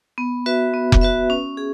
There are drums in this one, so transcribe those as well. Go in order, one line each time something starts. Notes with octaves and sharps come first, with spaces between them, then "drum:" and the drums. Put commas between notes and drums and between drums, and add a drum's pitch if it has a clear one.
B3
F#4 B4 E5
B3
drum: kick F1
F#4 B4 E5
C#4
G#4